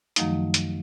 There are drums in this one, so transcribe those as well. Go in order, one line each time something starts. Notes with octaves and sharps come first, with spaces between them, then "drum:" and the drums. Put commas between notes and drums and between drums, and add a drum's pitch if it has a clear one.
F#2 D#3 F3 F#3 A3 D#4, drum: hi-hat
drum: hi-hat